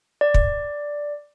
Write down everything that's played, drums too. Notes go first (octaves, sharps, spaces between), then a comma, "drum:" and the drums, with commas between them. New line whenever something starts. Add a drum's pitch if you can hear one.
D5
drum: kick